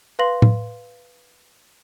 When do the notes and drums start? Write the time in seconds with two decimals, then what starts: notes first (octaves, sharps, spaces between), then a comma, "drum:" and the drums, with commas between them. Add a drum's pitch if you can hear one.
0.19 B4 F5 C6 A#6 F#7
0.42 drum: tom A2